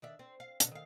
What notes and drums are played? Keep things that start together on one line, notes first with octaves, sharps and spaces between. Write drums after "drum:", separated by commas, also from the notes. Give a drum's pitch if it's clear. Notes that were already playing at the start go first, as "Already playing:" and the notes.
D#3 D4 E5
C4
F5
B2 D3, drum: hi-hat
D#3 F5